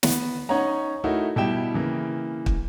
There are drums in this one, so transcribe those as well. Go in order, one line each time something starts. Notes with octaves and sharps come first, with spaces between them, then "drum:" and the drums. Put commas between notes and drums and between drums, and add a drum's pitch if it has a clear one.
B3, drum: snare
C#4 D#4 C#5 F#5 A#5
A3 D#4 E4 F#4 A#4
B2 G3 E4 G4 G5 E7
C#3 E3 A#3
drum: kick